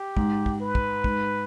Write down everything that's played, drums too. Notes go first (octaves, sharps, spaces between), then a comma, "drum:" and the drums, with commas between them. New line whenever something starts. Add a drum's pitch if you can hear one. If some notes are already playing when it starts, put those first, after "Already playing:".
Already playing: G4
G#2, drum: kick
drum: kick
B4
drum: kick
G#2, drum: kick